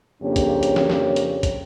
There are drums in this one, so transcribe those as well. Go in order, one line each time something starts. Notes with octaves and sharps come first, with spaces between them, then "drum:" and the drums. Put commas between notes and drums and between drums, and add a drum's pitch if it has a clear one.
F2 C#3 A#3 D4 G4 C#5
drum: kick, hi-hat
drum: hi-hat
drum: snare
drum: snare
drum: hi-hat
drum: kick, hi-hat